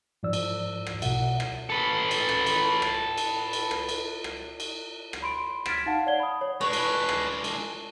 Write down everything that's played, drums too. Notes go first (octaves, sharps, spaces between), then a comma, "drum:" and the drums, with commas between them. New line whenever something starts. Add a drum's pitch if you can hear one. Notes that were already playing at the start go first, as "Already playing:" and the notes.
G#2 F3 D5 E6
drum: cymbal
drum: rim click
B1 B2 E5 F#5, drum: cymbal
drum: rim click
A4 B4
drum: cymbal
drum: rim click
drum: cymbal
drum: rim click
drum: cymbal
drum: cymbal
drum: rim click
drum: cymbal
drum: rim click
drum: cymbal
drum: rim click
B5 C6 D7
F6 G#6 A6 B6 D7 E7, drum: rim click
D#4 F5 F#5 A5
C#5 D5 F#5 G#6 G7
B5 D#6
C#5
G#3 D4 B4 C#5
drum: cymbal
drum: rim click
drum: cymbal